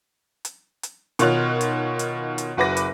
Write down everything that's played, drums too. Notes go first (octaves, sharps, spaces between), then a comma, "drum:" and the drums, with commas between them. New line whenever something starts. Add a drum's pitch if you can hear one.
drum: hi-hat
drum: hi-hat
B2 D#3 F4 C#5 F#6 F7, drum: hi-hat
drum: hi-hat
drum: hi-hat
drum: hi-hat
F#1 F#4 B4 D6 A#6
drum: hi-hat